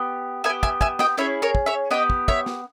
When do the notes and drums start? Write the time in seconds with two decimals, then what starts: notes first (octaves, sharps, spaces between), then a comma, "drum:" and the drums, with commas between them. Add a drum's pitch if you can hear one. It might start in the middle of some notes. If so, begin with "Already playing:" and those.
Already playing: B3 G4
0.44 B3 E5 G#5
0.50 G4
0.63 E5 G#5, drum: kick
0.81 E5 G#5, drum: kick
0.99 D#5 G5, drum: snare
1.17 C#4 E4 G#4 C#5 E5
1.42 A#4 C#5
1.55 drum: kick
1.66 C#5 E5
1.91 B3 E4 G4 D#5 G5
2.10 drum: kick
2.28 C#5 E5, drum: kick
2.46 drum: snare